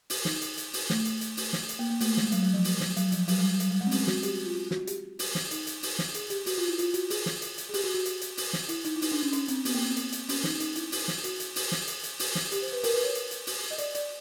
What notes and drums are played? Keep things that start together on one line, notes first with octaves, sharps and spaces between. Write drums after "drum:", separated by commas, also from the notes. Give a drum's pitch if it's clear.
drum: open hi-hat
D#4, drum: snare
drum: hi-hat
drum: hi-hat
drum: open hi-hat
A3, drum: snare
drum: hi-hat
drum: hi-hat
drum: open hi-hat
drum: snare
drum: hi-hat
A#3
A#3
A3, drum: open hi-hat
G#3, drum: snare
F#3, drum: hi-hat
F#3
F3
drum: open hi-hat
drum: snare
F#3, drum: hi-hat
F3, drum: hi-hat
F#3, drum: open hi-hat
G3
F#3
F#3, drum: hi-hat
G3
G#3
C4
C#4, drum: open hi-hat
F#4, drum: snare
G4, drum: hi-hat
F#4
F4
F#4
F#4, drum: snare
G4, drum: hi-hat
drum: open hi-hat
drum: snare
D#4, drum: hi-hat
drum: hi-hat
drum: open hi-hat
drum: snare
G#4, drum: hi-hat
G4, drum: hi-hat
F#4, drum: open hi-hat
F4
E4
F4, drum: hi-hat
F#4, drum: hi-hat
G#4, drum: open hi-hat
drum: snare
drum: hi-hat
drum: hi-hat
G#4
G4, drum: open hi-hat
F#4
F#4
drum: hi-hat
drum: hi-hat
drum: open hi-hat
drum: snare
E4, drum: hi-hat
D#4, drum: hi-hat
E4
D#4, drum: open hi-hat
D4
C#4
C#4, drum: hi-hat
C4, drum: hi-hat
B3, drum: open hi-hat
A#3
C4
drum: hi-hat
drum: hi-hat
C#4, drum: open hi-hat
D#4, drum: snare
D#4, drum: hi-hat
E4, drum: hi-hat
drum: open hi-hat
drum: snare
F#4, drum: hi-hat
drum: hi-hat
drum: open hi-hat
drum: snare
drum: hi-hat
drum: hi-hat
drum: open hi-hat
drum: snare
G4, drum: hi-hat
C5
B4
A#4, drum: open hi-hat
B4
C#5
drum: hi-hat
drum: hi-hat
drum: open hi-hat
D#5
D5, drum: hi-hat
D5, drum: hi-hat